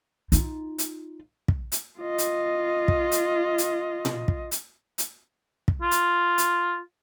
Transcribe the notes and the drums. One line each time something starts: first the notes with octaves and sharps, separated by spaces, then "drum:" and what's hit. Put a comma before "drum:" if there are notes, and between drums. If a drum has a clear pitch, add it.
D#4 F4, drum: hi-hat
drum: hi-hat
drum: kick
drum: hi-hat
F4 D#5
drum: hi-hat
drum: kick
drum: hi-hat
drum: hi-hat
drum: tom A#2
drum: kick
drum: hi-hat
drum: hi-hat
drum: kick
F4
drum: hi-hat
drum: hi-hat